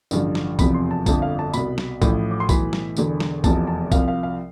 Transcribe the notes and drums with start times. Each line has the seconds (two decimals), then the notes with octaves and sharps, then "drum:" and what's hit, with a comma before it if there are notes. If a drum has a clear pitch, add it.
0.11 A1 G2 D3 F3, drum: tambourine
0.35 drum: snare
0.59 F1 E2 C3 F3 B5, drum: kick B1, tambourine
0.74 C6
0.91 A5
1.06 G1 F2 D3 F3 A5, drum: kick B1, tambourine
1.22 F5
1.39 A5
1.53 C2 B2 B5, drum: tambourine
1.78 drum: snare
2.02 A1 A2 F3, drum: kick B1, tambourine
2.31 D6
2.40 C6
2.49 B1 A2 E3 B5, drum: kick B1, tambourine
2.73 drum: snare
2.97 E1 E2 D3, drum: tambourine
3.20 drum: snare
3.44 F1 E2 C3 F3 A5, drum: kick B1, tambourine
3.67 A5
3.92 C2 C3 F3 F5, drum: kick B1, tambourine
4.08 F5
4.23 F5